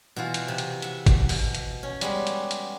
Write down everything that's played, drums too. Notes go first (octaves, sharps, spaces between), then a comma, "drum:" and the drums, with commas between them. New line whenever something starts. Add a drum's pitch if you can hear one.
B2 E3 F4 F#4
drum: hi-hat
C3
drum: hi-hat
E5 F#5, drum: hi-hat
drum: kick, hi-hat
B2, drum: open hi-hat
drum: hi-hat
C#4
G3 G#3 B3, drum: hi-hat
drum: hi-hat
drum: hi-hat